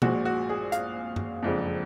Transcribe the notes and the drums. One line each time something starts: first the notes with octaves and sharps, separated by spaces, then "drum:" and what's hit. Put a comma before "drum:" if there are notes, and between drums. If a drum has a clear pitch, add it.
A#1 A#2 F3 G#3 F#4, drum: tom
F#4
G#4
F5, drum: hi-hat
drum: tom F#2
F#1 F2 F3 G#3 D4